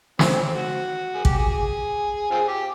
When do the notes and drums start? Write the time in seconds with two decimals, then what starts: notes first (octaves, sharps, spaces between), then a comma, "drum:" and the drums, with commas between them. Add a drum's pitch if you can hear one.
0.19 C4, drum: snare
0.32 C4
0.43 C4
0.55 F#4
1.14 G#4
1.25 G4, drum: kick
1.38 G#4
1.49 G#4
2.31 C4 F4 G#4
2.48 G4